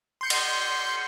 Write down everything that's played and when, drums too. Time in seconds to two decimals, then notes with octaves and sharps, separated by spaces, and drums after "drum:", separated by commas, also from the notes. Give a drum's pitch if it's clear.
0.21 C6 G6 C#7
0.30 drum: cymbal